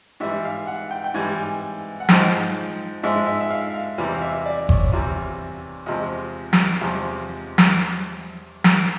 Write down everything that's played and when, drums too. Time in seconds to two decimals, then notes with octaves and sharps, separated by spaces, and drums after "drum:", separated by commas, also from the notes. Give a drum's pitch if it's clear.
0.20 G#2 E3 G3 E5
0.44 F5
0.67 F#5
0.91 G5
1.04 G5
1.14 G#2 E3 G3 G#5
2.00 F#5
2.09 G#2 F3 G#3 G5, drum: snare
3.03 G#2 F3 G#3 E5
3.27 E5
3.41 E5
3.51 F5
3.74 F5
3.98 E2 C3 E3 G3
4.15 F5
4.22 E5
4.46 D5
4.69 C#5, drum: kick G1
4.92 E2 C3 E3 G3
5.86 E2 C3 F3 G#3 D#5
6.53 drum: snare
6.81 E2 C3 F3 G#3
7.58 drum: snare
8.64 drum: snare